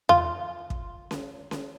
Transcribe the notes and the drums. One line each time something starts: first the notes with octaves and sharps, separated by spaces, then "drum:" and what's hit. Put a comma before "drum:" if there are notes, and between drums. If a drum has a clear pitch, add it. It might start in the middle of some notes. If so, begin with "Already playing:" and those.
F4, drum: tom E2
drum: kick
drum: snare C#4
drum: snare C#4